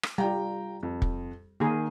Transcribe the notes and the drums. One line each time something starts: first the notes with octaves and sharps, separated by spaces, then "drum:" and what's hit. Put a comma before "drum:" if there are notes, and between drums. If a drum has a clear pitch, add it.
drum: rim click
G3 F4 G5 A#5
F2
drum: kick
D#3 A#3 G#4